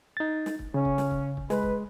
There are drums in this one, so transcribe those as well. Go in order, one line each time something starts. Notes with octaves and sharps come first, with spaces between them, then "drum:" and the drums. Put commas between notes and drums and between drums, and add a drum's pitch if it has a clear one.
D#4 A6
drum: snare
drum: kick
C#3 C#4
drum: kick
drum: snare
drum: kick
drum: kick
G#3 B4, drum: snare
drum: kick